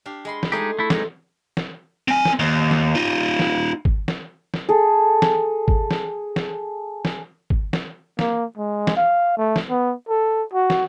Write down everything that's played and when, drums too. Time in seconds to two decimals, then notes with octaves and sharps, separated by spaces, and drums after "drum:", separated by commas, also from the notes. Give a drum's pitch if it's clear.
0.06 D4 G4 F5
0.25 G#3 B5 C6
0.43 drum: snare
0.52 G#3 A3 D#4 F4 G4 G#4
0.79 A3 E4
0.90 E3 G#3 D#4 F4 D5 E5, drum: snare
1.57 drum: snare
2.08 C4 G#5
2.25 drum: snare
2.39 D#2
2.71 drum: snare
2.95 D#4 F4
3.40 drum: snare
3.85 drum: kick
4.08 drum: snare
4.54 drum: snare
4.69 G#4 A4
5.22 drum: snare
5.68 drum: kick
5.91 drum: snare
6.36 drum: snare
7.05 drum: snare
7.50 drum: kick
7.73 drum: snare
8.19 A#3, drum: snare
8.57 G#3
8.87 drum: snare
8.97 F5
9.37 A3
9.56 drum: snare
9.69 B3
10.09 A4
10.54 F#4
10.70 drum: snare